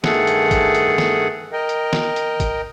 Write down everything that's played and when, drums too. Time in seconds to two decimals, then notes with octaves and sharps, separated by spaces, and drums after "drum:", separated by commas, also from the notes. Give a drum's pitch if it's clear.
0.04 G2 D#3 A3 G#4 A4 F#5, drum: snare
0.27 drum: hi-hat
0.51 drum: kick, hi-hat
0.75 drum: hi-hat
0.98 drum: snare
1.53 A#4 D#5 G5
1.69 drum: hi-hat
1.93 drum: snare
2.16 drum: hi-hat
2.40 drum: kick, hi-hat